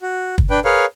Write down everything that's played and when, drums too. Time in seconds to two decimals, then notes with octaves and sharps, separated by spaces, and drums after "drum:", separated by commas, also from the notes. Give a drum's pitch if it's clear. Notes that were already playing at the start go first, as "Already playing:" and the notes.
0.02 F#4
0.38 drum: kick
0.50 D4 B4 G5
0.65 G#4 A#4 B4 C#5 F5